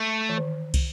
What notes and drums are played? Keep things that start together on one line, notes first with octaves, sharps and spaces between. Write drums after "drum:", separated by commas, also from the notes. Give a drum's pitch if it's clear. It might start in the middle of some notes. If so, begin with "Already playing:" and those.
Already playing: A3
E3
D#3
drum: kick, cymbal